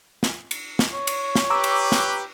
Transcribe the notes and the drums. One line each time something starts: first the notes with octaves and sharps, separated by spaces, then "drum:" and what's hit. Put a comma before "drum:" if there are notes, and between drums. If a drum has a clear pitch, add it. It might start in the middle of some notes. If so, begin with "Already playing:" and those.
drum: snare
drum: cymbal
drum: snare
C#5
drum: cymbal
drum: snare
G4 B4 A#5 D6 E6
drum: cymbal
drum: snare